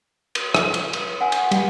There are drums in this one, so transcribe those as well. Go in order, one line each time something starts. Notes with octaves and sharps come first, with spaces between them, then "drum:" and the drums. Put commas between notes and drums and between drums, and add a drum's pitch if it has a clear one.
drum: cymbal
drum: rim click
drum: cymbal
drum: cymbal
F#5 G#5
drum: cymbal
G3 F#5, drum: cymbal